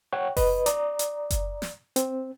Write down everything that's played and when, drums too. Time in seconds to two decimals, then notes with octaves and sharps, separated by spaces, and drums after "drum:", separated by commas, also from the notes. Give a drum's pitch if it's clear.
0.12 C#5 F#5 G5 C#6
0.37 B4 D#5, drum: kick F#1, open hi-hat
0.66 D5 A#5 D#6, drum: hi-hat
0.99 drum: hi-hat
1.30 drum: kick F#1, hi-hat
1.62 drum: snare
1.96 C4, drum: hi-hat